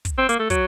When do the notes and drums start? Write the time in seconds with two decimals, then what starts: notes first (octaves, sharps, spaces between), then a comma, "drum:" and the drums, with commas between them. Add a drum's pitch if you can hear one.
0.05 drum: kick, hi-hat
0.18 C4
0.29 A#3, drum: hi-hat
0.39 A3
0.50 F#3, drum: kick, hi-hat